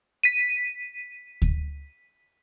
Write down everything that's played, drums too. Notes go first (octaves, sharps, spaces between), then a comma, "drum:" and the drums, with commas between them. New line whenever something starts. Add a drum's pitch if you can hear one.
B6 D#7
drum: kick D2